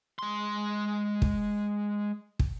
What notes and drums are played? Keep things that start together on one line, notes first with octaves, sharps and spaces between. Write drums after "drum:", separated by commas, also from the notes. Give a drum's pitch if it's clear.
G#3 C6
drum: kick
drum: kick